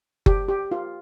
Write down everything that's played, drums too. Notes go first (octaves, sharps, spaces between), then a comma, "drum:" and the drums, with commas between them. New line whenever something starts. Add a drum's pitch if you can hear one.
G4, drum: kick F#1
G4
F4